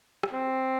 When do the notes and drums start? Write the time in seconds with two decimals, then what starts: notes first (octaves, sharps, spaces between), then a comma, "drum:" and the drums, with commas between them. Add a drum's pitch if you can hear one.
0.23 drum: rim click
0.33 C4